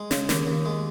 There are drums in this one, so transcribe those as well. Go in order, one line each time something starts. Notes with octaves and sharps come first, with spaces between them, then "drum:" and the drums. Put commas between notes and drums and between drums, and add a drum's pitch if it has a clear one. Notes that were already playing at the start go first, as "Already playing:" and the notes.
Already playing: G#3
C#3, drum: snare
D#2, drum: snare
D#2
G#3